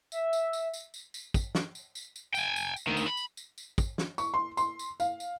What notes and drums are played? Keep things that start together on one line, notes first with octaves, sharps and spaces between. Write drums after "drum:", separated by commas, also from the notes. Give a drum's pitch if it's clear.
E5, drum: tambourine
drum: tambourine
drum: tambourine
drum: tambourine
drum: tambourine
drum: tambourine
drum: kick, tambourine
drum: snare
drum: tambourine
drum: tambourine
drum: tambourine
G5 G#5, drum: tambourine
drum: tambourine
drum: tambourine
D2 D#3
drum: tambourine
B5
drum: tambourine
drum: tambourine
drum: tambourine
drum: kick, tambourine
drum: snare
C#6, drum: tambourine
C6
C6, drum: tambourine
drum: tambourine
F5, drum: tambourine
drum: tambourine